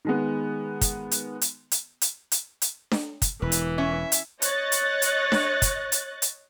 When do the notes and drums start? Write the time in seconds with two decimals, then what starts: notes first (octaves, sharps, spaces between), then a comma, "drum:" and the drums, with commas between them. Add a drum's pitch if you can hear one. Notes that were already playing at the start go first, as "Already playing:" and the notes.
0.05 D#3 G#3 B3
0.81 drum: kick, hi-hat
1.11 drum: hi-hat
1.41 drum: hi-hat
1.72 drum: hi-hat
2.02 drum: hi-hat
2.32 drum: hi-hat
2.62 drum: hi-hat
2.92 drum: snare D4
3.22 drum: kick, hi-hat
3.42 E1 E3 B4
3.52 drum: hi-hat
3.78 C#4 E5
4.12 drum: hi-hat
4.42 C#5 D#5 F#6 A6, drum: hi-hat
4.72 drum: hi-hat
5.02 drum: hi-hat
5.32 drum: snare D4
5.62 drum: kick, hi-hat
5.92 drum: hi-hat
6.22 drum: hi-hat